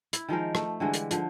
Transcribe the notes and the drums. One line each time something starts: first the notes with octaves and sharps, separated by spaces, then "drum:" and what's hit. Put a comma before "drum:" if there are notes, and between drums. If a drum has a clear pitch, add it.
E4, drum: hi-hat
D#3 F3 G#3 A#4
A3, drum: rim click
D3 E3 G3 G#3
drum: hi-hat
D3 F3, drum: hi-hat